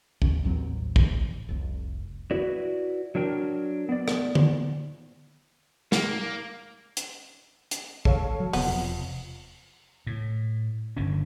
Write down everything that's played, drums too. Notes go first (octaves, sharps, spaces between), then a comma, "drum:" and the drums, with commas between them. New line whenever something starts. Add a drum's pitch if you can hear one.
D#2 C#4, drum: kick
A1 D#2 F#3 C4
drum: kick
F1 C2
E4 F#4 B4 D5
F#3 D4 A#4 G5
B3 D5
drum: rim click
drum: tom D3
A#3, drum: snare
drum: hi-hat
drum: hi-hat
A4 C#5 F5, drum: kick
F#3
E1 C3 B3, drum: open hi-hat
F2
A2
G1 D3 C#4